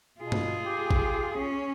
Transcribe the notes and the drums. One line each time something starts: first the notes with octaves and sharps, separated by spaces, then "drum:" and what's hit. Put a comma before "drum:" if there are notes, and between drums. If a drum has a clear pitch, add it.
B2 F4 G#4
drum: tom G2
G4
drum: kick
C#4